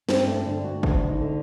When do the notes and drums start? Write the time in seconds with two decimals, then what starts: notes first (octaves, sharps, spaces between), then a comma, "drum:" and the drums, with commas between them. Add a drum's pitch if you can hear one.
0.09 G2 C4, drum: snare C#4
0.27 A3
0.46 D3 D4
0.64 F#4
0.83 D2 D4, drum: kick
1.08 D#4
1.21 D3